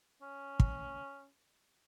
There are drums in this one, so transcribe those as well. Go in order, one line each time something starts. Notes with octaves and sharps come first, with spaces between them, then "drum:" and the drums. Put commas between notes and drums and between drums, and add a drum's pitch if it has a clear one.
C#4
drum: kick